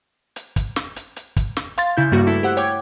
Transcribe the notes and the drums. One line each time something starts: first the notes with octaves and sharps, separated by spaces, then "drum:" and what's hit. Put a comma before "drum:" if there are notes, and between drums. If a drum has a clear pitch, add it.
drum: hi-hat
drum: kick, hi-hat
drum: snare
drum: hi-hat
drum: hi-hat
drum: kick, hi-hat
drum: snare
F5 C6 A6, drum: hi-hat
C#3 E4 G6
G2 G3 A3 A#3 F#4
E4 A4
G4 C5 F#5 E6 F#6
C#5 G5 D6 G#6, drum: hi-hat